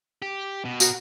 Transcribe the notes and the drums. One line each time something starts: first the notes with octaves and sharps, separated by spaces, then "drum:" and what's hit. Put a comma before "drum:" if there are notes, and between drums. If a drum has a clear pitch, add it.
G4
B2
F#4 A#4, drum: tambourine